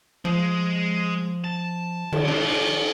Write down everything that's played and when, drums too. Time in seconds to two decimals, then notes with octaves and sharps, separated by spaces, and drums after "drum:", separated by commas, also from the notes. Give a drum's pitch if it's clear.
0.25 F3 G#3
1.44 A5
2.12 D#3, drum: cymbal
2.28 E3 D4 F4